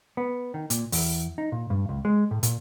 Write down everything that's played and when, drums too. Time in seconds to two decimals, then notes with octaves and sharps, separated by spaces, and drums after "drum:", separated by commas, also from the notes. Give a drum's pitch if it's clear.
0.17 B3
0.54 D#3
0.70 A#2, drum: hi-hat
0.92 E2, drum: open hi-hat
1.38 D#4
1.52 A#2
1.70 G2
1.89 C#2
2.05 G#3
2.31 A2
2.43 A#2, drum: hi-hat